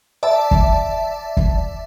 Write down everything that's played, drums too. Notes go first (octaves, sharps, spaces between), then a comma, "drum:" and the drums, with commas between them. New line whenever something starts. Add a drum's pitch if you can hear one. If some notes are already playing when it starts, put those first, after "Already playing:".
D5 E5 A5
drum: kick
drum: kick